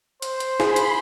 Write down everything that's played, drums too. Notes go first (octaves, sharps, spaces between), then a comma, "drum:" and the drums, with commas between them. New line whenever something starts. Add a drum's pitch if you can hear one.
C5, drum: hi-hat
drum: hi-hat
G#4 B5 C6, drum: snare
drum: hi-hat